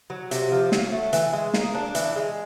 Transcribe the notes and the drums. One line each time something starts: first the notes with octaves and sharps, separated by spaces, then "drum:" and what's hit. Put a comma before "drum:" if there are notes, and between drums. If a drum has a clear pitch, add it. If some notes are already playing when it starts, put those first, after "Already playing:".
F#3
C3, drum: hi-hat
F3
F#3, drum: snare
A3
E3, drum: hi-hat
G#3
A#3, drum: snare
D4
E3, drum: hi-hat
G#3